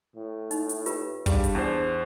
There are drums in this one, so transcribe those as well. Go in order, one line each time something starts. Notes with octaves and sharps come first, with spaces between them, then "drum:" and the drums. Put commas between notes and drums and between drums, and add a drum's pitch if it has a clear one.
A2
D#4, drum: hi-hat
drum: hi-hat
F4 G4 B4, drum: hi-hat
G3 D4 G4 G#4 F5, drum: kick, hi-hat
drum: hi-hat
E2 C5